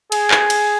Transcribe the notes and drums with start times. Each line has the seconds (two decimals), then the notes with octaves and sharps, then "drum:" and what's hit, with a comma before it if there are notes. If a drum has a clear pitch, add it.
0.12 G#4, drum: cymbal
0.31 drum: clap
0.50 drum: cymbal